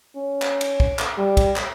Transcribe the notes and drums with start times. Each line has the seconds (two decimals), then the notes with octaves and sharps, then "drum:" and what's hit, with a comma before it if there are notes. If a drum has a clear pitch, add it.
0.16 C#4
0.42 drum: clap
0.61 drum: cymbal
0.80 drum: kick
0.99 drum: clap
1.18 G3
1.37 drum: kick, cymbal
1.56 drum: clap